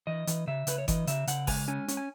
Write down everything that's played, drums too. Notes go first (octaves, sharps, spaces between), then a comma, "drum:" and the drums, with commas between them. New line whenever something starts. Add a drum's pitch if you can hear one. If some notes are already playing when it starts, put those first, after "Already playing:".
E3 D#5
E3, drum: hi-hat
C#3 E5
C#3 B4, drum: hi-hat
C#5
E3 D#5, drum: kick G1, hi-hat
C#3 E5, drum: hi-hat
C#3 F#5, drum: hi-hat
G#3 G#5, drum: kick G1, open hi-hat
C#4 G#5
C#4, drum: hi-hat
G#5